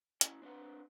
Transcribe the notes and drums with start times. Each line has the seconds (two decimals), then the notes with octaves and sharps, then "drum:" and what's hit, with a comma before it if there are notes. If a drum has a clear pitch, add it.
0.21 C#4 E4, drum: hi-hat
0.42 C4 D4 B4 F#5